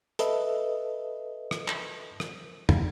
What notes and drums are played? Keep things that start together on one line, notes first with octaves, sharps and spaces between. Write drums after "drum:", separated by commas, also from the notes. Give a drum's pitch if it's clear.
A4 B4 D#5 E5, drum: hi-hat
drum: rim click
drum: clap
drum: rim click
drum: tom